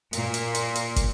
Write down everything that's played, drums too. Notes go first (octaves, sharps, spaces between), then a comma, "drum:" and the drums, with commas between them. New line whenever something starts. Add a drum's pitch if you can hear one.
A#2 A#3, drum: hi-hat
drum: hi-hat
drum: hi-hat
drum: hi-hat
drum: kick, hi-hat